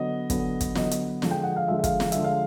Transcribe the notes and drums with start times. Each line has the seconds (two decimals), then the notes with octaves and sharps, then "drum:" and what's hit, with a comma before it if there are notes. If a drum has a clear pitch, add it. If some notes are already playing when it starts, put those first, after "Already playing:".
Already playing: D3 F#3 B3 D#5
0.30 D3 F#3 B3, drum: kick, hi-hat
0.61 drum: kick, hi-hat
0.75 D3 F#3 B3 D#5, drum: snare
0.91 drum: hi-hat
1.22 D3 F3 G#3, drum: snare
1.31 G5
1.44 F#5
1.56 F5
1.68 D3 F3 G#3 E5
1.79 E5
1.84 F5, drum: kick, hi-hat
2.00 F5, drum: snare
2.12 D3 F3 G#3 E5, drum: hi-hat
2.24 F5